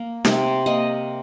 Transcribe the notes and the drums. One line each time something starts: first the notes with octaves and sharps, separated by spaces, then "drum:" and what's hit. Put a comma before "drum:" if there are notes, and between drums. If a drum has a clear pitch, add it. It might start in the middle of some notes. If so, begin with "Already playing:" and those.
Already playing: A#3
C3, drum: snare D#4
A#3 D#5